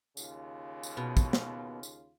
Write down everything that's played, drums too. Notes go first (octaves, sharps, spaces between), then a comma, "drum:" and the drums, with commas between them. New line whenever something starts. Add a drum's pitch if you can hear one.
D#2 C#3 F4, drum: tambourine
drum: tambourine
B2
drum: kick, tambourine
drum: snare
drum: tambourine